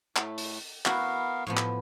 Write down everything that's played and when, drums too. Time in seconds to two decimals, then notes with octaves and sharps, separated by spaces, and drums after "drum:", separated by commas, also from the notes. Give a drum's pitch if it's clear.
0.16 A2 A3, drum: clap
0.38 drum: open hi-hat
0.86 B3 E4 F#4 A#4 F5, drum: clap
1.47 A2 F3 B3
1.57 drum: clap